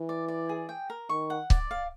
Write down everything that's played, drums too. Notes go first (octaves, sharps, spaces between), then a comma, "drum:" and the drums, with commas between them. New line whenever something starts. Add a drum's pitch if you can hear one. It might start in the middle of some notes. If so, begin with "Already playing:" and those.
Already playing: E3
D5
D5
G#4
G5
A#4
D#3 C#6
F#5
D5, drum: kick C#1
F5